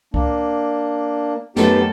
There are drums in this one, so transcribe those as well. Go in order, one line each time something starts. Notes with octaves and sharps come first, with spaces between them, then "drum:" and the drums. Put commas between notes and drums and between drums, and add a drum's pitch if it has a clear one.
A#3 D4, drum: kick C2
F#2 A3 B3 D#4 G4 A4, drum: snare